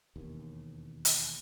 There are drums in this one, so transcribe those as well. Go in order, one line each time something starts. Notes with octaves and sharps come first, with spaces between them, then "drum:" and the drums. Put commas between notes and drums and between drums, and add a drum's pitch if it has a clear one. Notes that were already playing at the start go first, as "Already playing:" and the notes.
E1 D#2
drum: hi-hat